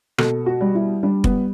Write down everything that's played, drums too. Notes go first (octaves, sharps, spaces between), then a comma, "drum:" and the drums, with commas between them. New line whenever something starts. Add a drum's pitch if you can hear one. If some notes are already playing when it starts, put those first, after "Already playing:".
B2 A4, drum: rim click
F#4
G3
E4
G3 D4
B3, drum: kick F1